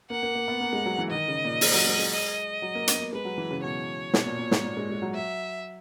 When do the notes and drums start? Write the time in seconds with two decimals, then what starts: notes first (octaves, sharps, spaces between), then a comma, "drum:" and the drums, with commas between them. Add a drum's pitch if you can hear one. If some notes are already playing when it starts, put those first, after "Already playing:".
0.10 A#3 F#5
0.23 A#3
0.35 A#3
0.48 B3
0.61 A#3
0.73 G#3
0.86 F#3
0.98 E3
1.10 D#3 D#5
1.28 C#3
1.44 A#2
1.61 A#2, drum: open hi-hat
1.74 F#3
1.87 G#3
1.99 G#3
2.12 D#5
2.62 F#3
2.75 A#3
2.87 B3, drum: hi-hat
3.00 A#3
3.13 G#3 B4
3.25 F#3
3.38 E3
3.51 C#3
3.63 B2 C#5
4.14 B2, drum: snare
4.26 A#2
4.39 A#2
4.51 G#2, drum: snare
4.64 A#2
4.77 G#3
4.89 G#3
5.02 F#3
5.14 E5